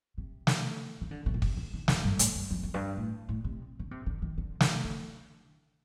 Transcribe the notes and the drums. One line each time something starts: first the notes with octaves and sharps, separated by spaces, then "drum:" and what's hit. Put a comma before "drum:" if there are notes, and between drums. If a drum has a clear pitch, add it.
C3
drum: snare
D#3
D3
C3
A#2
C3, drum: kick
D3
D#3
F2, drum: snare
G2
A2, drum: hi-hat
G2
F2
F2
G2
A2
A2
C3
D3
C3
D3
D#3
D3
C3, drum: snare
D3